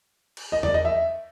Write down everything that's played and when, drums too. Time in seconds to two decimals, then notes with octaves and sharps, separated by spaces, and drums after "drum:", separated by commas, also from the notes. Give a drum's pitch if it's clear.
0.37 drum: cymbal
0.52 D#5
0.63 D5, drum: tom E2
0.74 D#5
0.85 E5